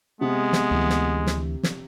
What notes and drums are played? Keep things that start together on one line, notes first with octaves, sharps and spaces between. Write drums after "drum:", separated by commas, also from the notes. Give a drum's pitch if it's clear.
C3 G#3 B3
drum: snare
D2 E3
drum: snare
drum: snare
drum: snare